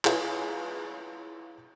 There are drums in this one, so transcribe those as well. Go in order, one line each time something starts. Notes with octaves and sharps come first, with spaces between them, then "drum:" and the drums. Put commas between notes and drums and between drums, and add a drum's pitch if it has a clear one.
E4 F4 G#4 B4 C#5 F5, drum: clap